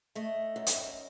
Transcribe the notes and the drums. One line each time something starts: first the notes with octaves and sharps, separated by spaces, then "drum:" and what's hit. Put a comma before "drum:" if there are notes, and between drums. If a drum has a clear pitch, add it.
A3 D#5
F#2
drum: hi-hat